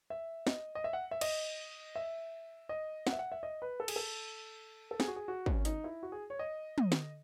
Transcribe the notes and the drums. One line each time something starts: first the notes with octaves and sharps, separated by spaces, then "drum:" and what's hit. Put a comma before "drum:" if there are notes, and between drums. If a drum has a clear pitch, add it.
E5
D#5, drum: snare
D#5
E5
F#5
E5
D#5, drum: cymbal
E5
D#5
F#5, drum: snare
E5
F#5
E5
D#5
B4
A4
G#4, drum: cymbal
A4
A4
G#4, drum: snare
F#4
G#4
F#4
C#4, drum: kick
D#4, drum: hi-hat
E4
F#4
G#4
C#5
D#5
drum: tom
drum: snare